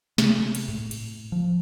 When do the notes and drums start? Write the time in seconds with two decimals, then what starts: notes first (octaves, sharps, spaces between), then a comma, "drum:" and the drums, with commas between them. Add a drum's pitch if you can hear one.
0.18 C3, drum: snare
0.55 drum: cymbal
0.68 A2
0.91 drum: cymbal
1.32 F3